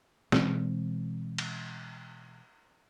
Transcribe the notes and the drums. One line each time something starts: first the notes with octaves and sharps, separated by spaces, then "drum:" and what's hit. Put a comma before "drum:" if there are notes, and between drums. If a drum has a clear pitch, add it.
B2 E3 G#3 C4, drum: snare
drum: cymbal